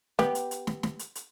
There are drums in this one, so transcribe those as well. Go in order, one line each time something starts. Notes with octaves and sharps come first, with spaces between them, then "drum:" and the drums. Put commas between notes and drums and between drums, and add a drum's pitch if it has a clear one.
B3 G4, drum: snare
drum: hi-hat
drum: hi-hat
drum: snare
drum: snare
drum: hi-hat
drum: hi-hat